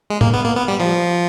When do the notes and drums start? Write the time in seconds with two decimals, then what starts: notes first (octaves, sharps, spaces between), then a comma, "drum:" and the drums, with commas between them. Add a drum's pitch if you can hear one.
0.10 G#3
0.21 A#3, drum: tom A2
0.33 B3
0.45 A#3
0.56 B3
0.68 G3
0.80 F3